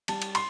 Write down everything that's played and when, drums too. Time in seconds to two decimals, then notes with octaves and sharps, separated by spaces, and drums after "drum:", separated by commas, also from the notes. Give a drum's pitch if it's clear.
0.08 G3 A5, drum: cymbal
0.22 drum: cymbal
0.35 C6, drum: cymbal